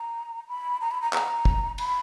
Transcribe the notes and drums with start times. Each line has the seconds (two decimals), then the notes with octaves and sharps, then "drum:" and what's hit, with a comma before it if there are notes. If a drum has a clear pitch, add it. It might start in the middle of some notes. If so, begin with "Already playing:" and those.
Already playing: A#5
0.48 B5
0.81 A#5
0.91 B5
1.02 A#5
1.13 A#5, drum: clap
1.45 drum: kick
1.78 B5, drum: cymbal